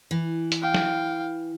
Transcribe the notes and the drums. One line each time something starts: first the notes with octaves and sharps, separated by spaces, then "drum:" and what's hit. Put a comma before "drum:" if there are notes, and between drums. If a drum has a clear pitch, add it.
E3
drum: hi-hat
F5 G5
drum: snare